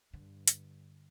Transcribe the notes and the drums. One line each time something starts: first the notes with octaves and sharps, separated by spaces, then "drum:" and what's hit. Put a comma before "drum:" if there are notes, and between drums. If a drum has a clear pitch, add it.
G2 D3
drum: hi-hat